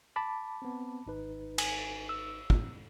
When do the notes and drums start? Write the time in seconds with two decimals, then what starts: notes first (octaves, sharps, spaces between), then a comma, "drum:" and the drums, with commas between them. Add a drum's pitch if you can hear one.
0.16 A5 B5 D6
0.62 B3 C4
1.06 G#1 D#4 B4
1.58 G#5, drum: cymbal
2.09 E6
2.50 drum: kick